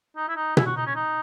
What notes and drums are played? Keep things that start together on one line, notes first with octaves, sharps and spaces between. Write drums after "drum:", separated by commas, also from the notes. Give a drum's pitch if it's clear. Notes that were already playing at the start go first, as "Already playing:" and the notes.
D#4
E4
D#4
E4, drum: tom B2
F#4
D#4
C#4
D#4